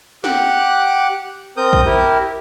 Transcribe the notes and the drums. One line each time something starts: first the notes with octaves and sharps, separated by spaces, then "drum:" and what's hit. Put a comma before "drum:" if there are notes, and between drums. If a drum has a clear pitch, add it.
G4 F#5 D6 F#6, drum: snare
C4 A#4 D#6 G6
drum: kick A#1
E4 G4 A#4